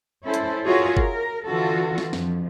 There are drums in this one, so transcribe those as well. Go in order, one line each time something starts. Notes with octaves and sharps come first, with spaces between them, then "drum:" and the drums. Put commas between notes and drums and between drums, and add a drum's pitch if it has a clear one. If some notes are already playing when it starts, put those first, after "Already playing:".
C#4 E4 A4 C5
drum: hi-hat
F4 F#4 G#4 A#4 C#5 E5
A#4, drum: kick
D3 E3 F4 F#4 A4
drum: snare
F2, drum: snare